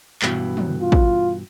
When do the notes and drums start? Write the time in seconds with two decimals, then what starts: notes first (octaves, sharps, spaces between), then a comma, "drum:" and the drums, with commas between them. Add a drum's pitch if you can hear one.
0.22 G2 B2 E3, drum: clap
0.57 drum: tom
0.81 F4
0.92 drum: kick